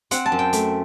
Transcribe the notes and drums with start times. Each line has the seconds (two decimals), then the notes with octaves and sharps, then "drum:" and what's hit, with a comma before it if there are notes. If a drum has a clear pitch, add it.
0.11 C4 F#5, drum: hi-hat
0.26 A5
0.32 F#2
0.39 G5
0.53 A3, drum: hi-hat